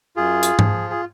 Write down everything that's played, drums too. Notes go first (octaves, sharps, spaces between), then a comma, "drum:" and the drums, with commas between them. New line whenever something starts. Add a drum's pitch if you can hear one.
F#2 F4 G#4
drum: hi-hat
F3, drum: tom G#2
G#4